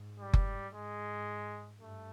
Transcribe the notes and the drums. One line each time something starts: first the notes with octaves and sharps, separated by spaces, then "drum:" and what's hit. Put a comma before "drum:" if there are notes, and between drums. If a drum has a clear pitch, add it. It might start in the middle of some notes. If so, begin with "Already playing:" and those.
Already playing: G#2
G3
drum: kick F#1
G#2 G#3
G2 A3